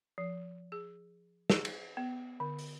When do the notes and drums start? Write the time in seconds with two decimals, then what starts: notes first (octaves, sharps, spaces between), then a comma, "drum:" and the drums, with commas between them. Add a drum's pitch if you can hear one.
0.18 F3
0.72 G#4
1.50 G#4, drum: snare
1.65 drum: cymbal
1.97 B3
2.40 D3
2.59 drum: open hi-hat